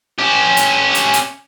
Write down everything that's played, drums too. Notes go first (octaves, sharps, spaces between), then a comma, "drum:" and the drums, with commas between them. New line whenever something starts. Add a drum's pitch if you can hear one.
C#4 G4
drum: hi-hat
drum: hi-hat
drum: hi-hat